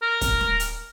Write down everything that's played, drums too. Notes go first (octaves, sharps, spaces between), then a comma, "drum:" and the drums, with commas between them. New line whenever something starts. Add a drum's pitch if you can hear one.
A#4
drum: kick, hi-hat
drum: snare
drum: hi-hat